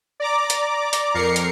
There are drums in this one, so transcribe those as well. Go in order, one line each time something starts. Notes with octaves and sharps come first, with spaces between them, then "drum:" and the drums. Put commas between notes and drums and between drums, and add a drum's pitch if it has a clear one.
D5 A#5 D6
drum: hi-hat
drum: hi-hat
F2 A#4 C7 C#7
drum: hi-hat